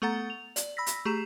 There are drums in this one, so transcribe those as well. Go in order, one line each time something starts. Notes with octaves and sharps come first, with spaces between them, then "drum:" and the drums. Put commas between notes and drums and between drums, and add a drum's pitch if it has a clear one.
A3 B3 A4 F#5 A#5 A6
F7
D5, drum: hi-hat
B5 E6 A#6 B6
drum: hi-hat
A3 G4 G#4 A#5 E7